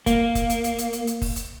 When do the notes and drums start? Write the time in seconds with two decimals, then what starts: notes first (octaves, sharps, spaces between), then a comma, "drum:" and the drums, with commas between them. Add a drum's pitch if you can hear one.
0.06 A#3, drum: kick F1, hi-hat
0.35 drum: kick F1, hi-hat
0.50 drum: hi-hat
0.64 drum: hi-hat
0.78 drum: hi-hat
0.93 drum: hi-hat
1.07 drum: hi-hat
1.22 drum: kick F1, open hi-hat
1.36 drum: hi-hat